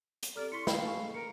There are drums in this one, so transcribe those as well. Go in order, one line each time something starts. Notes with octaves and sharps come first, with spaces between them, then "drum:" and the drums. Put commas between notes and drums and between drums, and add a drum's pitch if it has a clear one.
drum: hi-hat
C4 G4 A4 D5 A#5 F6
E4 C6 C#6 B6 C#7
C#4 D#4 A#4 D#5 F5 G5 B5, drum: snare
A#3 G4 G#5 A5 C#6
G#3 G#4 A4
A#4 C#7